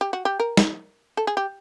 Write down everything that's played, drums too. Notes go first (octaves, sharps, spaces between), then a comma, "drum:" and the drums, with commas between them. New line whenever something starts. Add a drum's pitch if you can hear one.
G4
F#4
G4
A#4
drum: snare
A4
G#4
G4